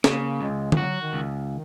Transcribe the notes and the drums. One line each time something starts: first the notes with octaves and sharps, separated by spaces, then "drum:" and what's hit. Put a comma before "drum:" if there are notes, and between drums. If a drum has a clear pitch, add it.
C#3 A#3, drum: snare
C#2 G#3
D#3, drum: tom D3
F#3 F#4
D#3
C#2
D#3